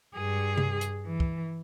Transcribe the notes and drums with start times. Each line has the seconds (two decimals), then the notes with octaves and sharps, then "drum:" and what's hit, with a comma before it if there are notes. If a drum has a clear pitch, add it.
0.15 G2 G#4
0.57 drum: tom C3
0.81 drum: hi-hat
1.07 E3
1.20 drum: kick